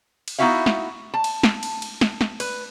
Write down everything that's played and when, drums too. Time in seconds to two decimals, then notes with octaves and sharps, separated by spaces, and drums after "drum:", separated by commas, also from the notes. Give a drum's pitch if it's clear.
0.28 drum: cymbal
0.39 B3 D#4 E4 F#4 E5 F5
0.66 drum: snare
1.14 A5
1.24 drum: cymbal
1.43 drum: snare
1.63 drum: cymbal
1.82 drum: cymbal
2.01 drum: snare
2.21 drum: snare
2.40 B4, drum: cymbal